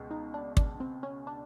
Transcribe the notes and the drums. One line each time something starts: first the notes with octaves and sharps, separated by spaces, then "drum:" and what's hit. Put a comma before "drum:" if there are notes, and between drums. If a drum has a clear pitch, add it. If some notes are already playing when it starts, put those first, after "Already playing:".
Already playing: C#2 B2
D#4
D4
D4, drum: kick
C4
C#4
D4